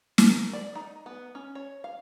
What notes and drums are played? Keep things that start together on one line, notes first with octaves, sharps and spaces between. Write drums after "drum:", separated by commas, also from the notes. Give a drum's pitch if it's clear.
A5, drum: snare
A#4
D5
D#4
B3
C#4
C#5
F5